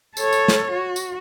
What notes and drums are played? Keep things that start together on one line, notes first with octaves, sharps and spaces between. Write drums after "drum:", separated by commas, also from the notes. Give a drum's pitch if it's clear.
A4 C#5, drum: tambourine
drum: tambourine
drum: snare
F#4
drum: tambourine